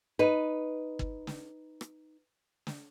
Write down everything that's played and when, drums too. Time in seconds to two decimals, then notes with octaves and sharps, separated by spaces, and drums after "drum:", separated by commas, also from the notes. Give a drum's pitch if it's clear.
0.19 D#4 B4
0.99 drum: kick
1.27 drum: snare
1.81 drum: rim click
2.67 drum: snare